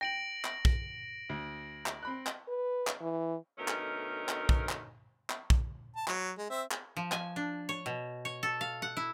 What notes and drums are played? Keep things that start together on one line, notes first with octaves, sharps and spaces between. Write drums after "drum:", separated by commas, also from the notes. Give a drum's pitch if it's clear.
G5 A#6 D7 F#7
drum: clap
drum: kick
D2
drum: clap
C4 B5 F#6
drum: clap
B4
drum: clap
E3
B2 D3 A3 C#4 D#4 A#4
drum: clap
drum: clap
drum: kick
drum: clap
drum: clap
drum: kick
A5
F#3, drum: clap
G#3
C4 E5
drum: clap
F3
G#5, drum: clap
D4
C#5
B2
C#5
A4
F5
F#5
E4